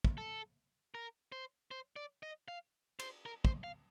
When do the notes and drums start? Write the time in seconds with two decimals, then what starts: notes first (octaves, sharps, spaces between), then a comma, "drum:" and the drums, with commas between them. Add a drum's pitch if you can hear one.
0.05 drum: kick
0.18 A4
0.94 A#4
1.32 C5
1.71 C5
1.96 D5
2.23 D#5
2.48 F5
2.99 C5, drum: cymbal
3.26 A#4
3.45 C5, drum: kick
3.64 F5